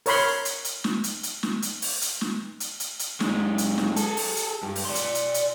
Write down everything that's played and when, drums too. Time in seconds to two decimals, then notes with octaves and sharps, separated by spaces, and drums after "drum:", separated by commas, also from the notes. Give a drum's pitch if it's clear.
0.06 A#4 C#5 B5 C6, drum: open hi-hat
0.45 drum: hi-hat
0.65 drum: hi-hat
0.84 drum: snare
1.04 drum: hi-hat
1.23 drum: hi-hat
1.43 drum: snare
1.62 drum: hi-hat
1.82 drum: open hi-hat
2.02 drum: hi-hat
2.21 drum: snare
2.60 drum: hi-hat
2.80 drum: hi-hat
2.99 drum: hi-hat
3.20 F#2 G#3, drum: snare
3.58 drum: hi-hat
3.78 drum: snare
3.96 G#4 A4, drum: hi-hat
4.17 drum: open hi-hat
4.36 drum: hi-hat
4.63 G2
4.76 drum: open hi-hat
4.85 D5 C6
4.95 drum: hi-hat
5.15 drum: hi-hat
5.34 drum: hi-hat